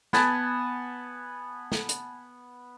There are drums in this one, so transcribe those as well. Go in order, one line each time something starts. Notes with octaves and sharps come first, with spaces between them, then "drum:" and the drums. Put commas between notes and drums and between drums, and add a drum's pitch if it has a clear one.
B3 G#5 A5, drum: snare
drum: snare
drum: hi-hat